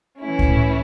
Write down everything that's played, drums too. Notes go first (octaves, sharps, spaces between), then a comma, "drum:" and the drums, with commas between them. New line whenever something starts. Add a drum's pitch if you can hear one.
E3 A3 C#4 E4
drum: kick C#2
A2